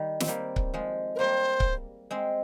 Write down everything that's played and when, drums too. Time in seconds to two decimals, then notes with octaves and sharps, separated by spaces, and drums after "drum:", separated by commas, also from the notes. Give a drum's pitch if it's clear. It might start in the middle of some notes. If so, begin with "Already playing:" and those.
Already playing: D#3 G3
0.20 C4, drum: snare
0.28 G3 A#3
0.56 drum: kick C#1
0.74 F3 G#3
1.16 A#4
1.19 G3 A#3 C5
1.60 drum: kick C#1
2.11 G#3 C4